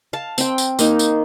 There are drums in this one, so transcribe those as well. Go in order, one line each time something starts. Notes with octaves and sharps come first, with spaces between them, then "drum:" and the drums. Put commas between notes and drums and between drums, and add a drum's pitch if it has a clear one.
F5 A5
C4 G5, drum: tambourine
drum: tambourine
A#3 D#4, drum: tambourine
drum: tambourine